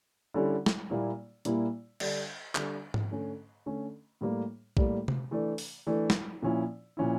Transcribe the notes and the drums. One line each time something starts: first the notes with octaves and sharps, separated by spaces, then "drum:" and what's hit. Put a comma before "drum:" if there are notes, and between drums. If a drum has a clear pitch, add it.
D3 G3 C#4 E4
drum: snare
A#2 G3 A#3 E4
A#2 G3 A#3 E4, drum: hi-hat
D3 G3 D4, drum: cymbal
D3 G3 D4, drum: clap
drum: tom G#2
D3 A3 C#4
D3 A3 C#4
A2 G3 A#3
A2 G3 A#3, drum: kick A#1
drum: tom C3
E3 A3 D4
drum: open hi-hat
E3 A3 D4
drum: snare
A#2 F3 C#4 E4
A#2 F3 C#4 E4